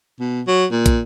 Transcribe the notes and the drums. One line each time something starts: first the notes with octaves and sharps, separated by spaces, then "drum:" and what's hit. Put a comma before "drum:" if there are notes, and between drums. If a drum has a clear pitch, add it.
B2
F#3
A#2
drum: kick, hi-hat